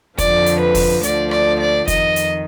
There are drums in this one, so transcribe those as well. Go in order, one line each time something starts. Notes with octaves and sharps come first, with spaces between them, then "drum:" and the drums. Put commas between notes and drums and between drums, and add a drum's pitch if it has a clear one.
F2 D3 F3 D5, drum: kick, hi-hat
drum: hi-hat
B4
drum: kick, open hi-hat
D2 D3 F3 D5, drum: hi-hat
D5, drum: rim click
D5
F2 D#3 D#5, drum: kick, hi-hat
drum: hi-hat